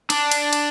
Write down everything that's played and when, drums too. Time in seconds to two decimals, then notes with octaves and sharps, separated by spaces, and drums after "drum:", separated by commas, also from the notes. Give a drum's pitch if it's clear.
0.10 D4, drum: cymbal
0.31 drum: cymbal
0.53 drum: cymbal